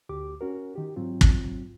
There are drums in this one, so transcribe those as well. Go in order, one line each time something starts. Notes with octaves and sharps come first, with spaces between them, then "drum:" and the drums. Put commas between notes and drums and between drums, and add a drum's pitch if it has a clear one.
D2 G4 D6
C#4 F#4 A#4
D#3 G4
G#2 F#3 C4 F4
drum: kick